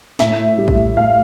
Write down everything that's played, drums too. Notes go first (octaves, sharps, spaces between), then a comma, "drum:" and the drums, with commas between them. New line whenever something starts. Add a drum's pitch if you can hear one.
A2 E5, drum: snare
G3
drum: kick A#1
A2 F5